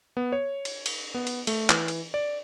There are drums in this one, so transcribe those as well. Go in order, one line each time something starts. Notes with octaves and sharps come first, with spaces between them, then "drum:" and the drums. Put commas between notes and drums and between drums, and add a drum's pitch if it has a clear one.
B3
C#5
drum: cymbal
drum: cymbal
B3
drum: cymbal
A3, drum: cymbal
E3, drum: clap
drum: cymbal
D5